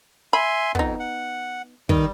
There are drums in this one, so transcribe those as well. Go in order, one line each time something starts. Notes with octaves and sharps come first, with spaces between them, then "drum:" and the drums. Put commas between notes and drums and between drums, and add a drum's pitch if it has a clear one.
E5 G#5 B5 C6
F2 B3 D#4, drum: kick
F#5
D#3 G3, drum: kick